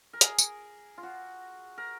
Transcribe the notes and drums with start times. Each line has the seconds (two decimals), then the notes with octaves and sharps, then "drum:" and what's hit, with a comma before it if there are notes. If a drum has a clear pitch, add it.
0.13 A#4
0.21 G#4, drum: hi-hat
0.39 drum: tambourine
0.98 F4
1.03 F#4
1.78 A#4